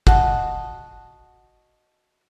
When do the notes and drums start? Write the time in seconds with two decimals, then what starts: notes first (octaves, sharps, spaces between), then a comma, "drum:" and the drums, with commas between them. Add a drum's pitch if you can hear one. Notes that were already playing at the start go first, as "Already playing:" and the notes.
0.07 F#4 D#5 A5, drum: kick